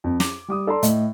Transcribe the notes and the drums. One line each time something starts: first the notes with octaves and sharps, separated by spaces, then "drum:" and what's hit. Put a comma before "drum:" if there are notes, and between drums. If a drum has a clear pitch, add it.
F2
D6, drum: snare
G3 D6 D#6
A4 D5 A5 A#5 C6
A2 D#5, drum: hi-hat